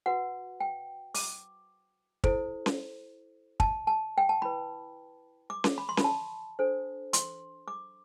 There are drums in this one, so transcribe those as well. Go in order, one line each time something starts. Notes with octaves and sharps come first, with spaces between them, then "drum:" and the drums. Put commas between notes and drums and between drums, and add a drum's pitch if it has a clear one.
F#4 B4 F#5
G5
D6, drum: open hi-hat
E4 A4 C5, drum: kick
drum: snare C#4
A5, drum: kick
A5
G5
A5
E4 B4 B5
D6
drum: snare C#4
B5
C6
B5, drum: snare C#4
A5
D4 A4 C5
C6, drum: hi-hat
D6